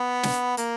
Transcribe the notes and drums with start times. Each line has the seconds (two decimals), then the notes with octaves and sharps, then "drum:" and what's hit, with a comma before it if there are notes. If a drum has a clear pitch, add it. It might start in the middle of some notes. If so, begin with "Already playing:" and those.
Already playing: B3
0.23 drum: snare
0.57 A#3, drum: hi-hat